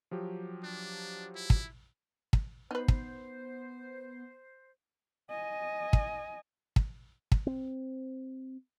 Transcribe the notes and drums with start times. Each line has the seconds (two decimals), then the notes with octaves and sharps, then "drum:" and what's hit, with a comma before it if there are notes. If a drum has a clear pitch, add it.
0.11 F3 F#3 G4
0.63 D4
1.35 E4
1.50 drum: kick
2.33 drum: kick
2.71 B3 D#4 B4 C5
2.88 drum: kick
5.30 D#5 G#5
5.93 drum: kick
6.76 drum: kick
7.32 drum: kick
7.47 C4